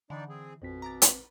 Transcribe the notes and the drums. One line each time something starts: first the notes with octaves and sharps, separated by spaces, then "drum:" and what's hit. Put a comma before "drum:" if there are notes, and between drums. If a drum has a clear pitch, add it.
D3 E3 D4 D#4 D5
C4 G#4
A1 F2 B2 C4 B6
A#5 D6 A6
B4, drum: hi-hat